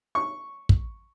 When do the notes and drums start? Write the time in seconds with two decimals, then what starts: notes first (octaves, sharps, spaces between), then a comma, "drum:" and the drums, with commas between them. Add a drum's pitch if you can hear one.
0.15 C#6
0.69 drum: kick